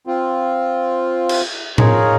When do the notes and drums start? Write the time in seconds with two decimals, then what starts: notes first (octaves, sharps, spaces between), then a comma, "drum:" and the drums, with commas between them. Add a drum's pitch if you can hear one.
0.07 C4 F4
1.29 drum: cymbal
1.78 D#4 F4 G#4 A#4 C#5, drum: tom A2